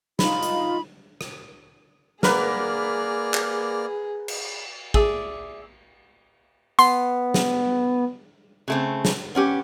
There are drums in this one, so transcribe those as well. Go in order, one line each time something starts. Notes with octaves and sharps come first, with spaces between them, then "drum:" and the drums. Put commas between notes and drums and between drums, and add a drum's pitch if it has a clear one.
D#4 F4 B5, drum: snare
drum: hi-hat
drum: rim click
A#3 G#4 A#4 B4 D5 F#5 F6, drum: snare
drum: clap
drum: cymbal
G#4 D5 E5, drum: kick
B3 C6, drum: hi-hat
drum: snare
C#3 A3 C4
drum: snare
B3 C#4 G4